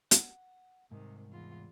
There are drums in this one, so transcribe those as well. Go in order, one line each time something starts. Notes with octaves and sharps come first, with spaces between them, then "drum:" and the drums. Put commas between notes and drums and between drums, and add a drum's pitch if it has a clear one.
F#5, drum: hi-hat
C2 G#2 C3 D#3
E2 F4